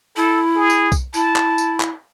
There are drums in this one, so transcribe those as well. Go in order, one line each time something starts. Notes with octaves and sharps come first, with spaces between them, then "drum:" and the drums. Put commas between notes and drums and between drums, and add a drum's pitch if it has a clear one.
E4 A4
G#4
drum: tambourine
drum: kick B1, tambourine
E4 A5, drum: tambourine
drum: clap
drum: tambourine
drum: clap